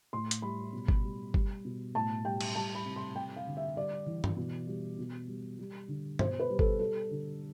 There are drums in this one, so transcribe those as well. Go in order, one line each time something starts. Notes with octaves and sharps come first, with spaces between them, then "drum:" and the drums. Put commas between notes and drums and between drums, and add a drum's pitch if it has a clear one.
A2 C6
drum: hi-hat
G3 B5
B2
drum: kick G1
G3
G3, drum: kick G1
B2
A2 A5
G3 G5
drum: cymbal
G3 A5
B5
C3
C6
G3 G5
F5
D3
E5
G3 D5
E3
drum: tom G2
B2
G3
B2
G3
G3
D3
B2 C5, drum: tom G2
B4
G3
A4, drum: kick G1
G3 A4
D3